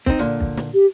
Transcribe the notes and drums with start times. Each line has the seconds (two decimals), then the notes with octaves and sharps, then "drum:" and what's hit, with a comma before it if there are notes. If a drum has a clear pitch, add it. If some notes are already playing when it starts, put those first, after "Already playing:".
0.06 C4 D#4, drum: kick
0.19 A#2 D3
0.40 drum: kick
0.57 drum: snare
0.74 G4